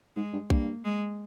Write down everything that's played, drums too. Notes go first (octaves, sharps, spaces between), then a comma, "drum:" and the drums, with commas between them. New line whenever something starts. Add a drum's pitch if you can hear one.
G#2 G#3
G2
G2 A#3, drum: kick B1
G#3